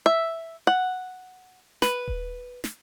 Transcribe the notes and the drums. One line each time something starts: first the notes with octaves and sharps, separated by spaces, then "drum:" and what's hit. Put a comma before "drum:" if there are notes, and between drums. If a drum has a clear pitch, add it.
E5
F#5
B4, drum: snare
drum: kick D#1
drum: snare